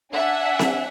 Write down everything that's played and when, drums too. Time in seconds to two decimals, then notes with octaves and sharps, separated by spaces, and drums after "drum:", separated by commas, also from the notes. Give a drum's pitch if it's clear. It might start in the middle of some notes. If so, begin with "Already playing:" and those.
0.13 D4 E5 F#5 G#5
0.59 drum: snare C4